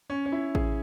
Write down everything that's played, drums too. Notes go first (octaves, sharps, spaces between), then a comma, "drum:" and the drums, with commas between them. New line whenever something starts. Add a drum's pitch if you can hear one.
C#4
C#4
E4
G#4, drum: kick A1